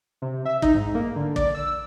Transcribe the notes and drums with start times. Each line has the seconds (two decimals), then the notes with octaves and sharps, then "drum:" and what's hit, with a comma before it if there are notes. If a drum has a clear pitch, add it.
0.22 C3
0.46 E5
0.62 D#4, drum: kick
0.75 G#2
0.95 A#3
1.16 D3
1.36 D5, drum: kick
1.54 E6